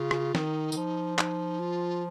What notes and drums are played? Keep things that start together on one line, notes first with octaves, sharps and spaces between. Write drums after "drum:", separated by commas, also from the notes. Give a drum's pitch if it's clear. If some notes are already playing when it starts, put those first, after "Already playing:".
Already playing: C#3 F4
drum: rim click
D#3 D#4, drum: snare
D#3, drum: tambourine
F3
D#4, drum: clap
F4